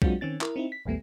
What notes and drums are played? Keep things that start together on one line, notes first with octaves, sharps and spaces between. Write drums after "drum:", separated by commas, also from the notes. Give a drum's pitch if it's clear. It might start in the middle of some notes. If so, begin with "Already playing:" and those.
F#3 G#3 C4 D4 F4 F#4, drum: kick B1
D#3 C4 C#4 A6
E4 A#4, drum: clap
C4 D#4 E4
B6
A1 D#2 G3 A3 B3